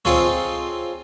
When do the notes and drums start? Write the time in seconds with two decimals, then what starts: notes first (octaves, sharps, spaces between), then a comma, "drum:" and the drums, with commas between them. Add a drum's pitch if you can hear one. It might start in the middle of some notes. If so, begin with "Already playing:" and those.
0.05 C4 D#4 F4 G#4 A4 C#5, drum: tom